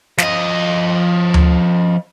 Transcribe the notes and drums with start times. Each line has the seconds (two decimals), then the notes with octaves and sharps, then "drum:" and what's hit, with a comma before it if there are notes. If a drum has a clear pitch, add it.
0.18 F3 D#5, drum: snare
1.34 drum: tom D2